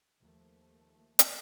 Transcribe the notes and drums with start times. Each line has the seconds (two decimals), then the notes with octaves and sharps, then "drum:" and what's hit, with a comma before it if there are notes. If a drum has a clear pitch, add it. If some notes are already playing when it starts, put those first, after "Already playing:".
0.21 D#2 F3 A3
1.19 drum: hi-hat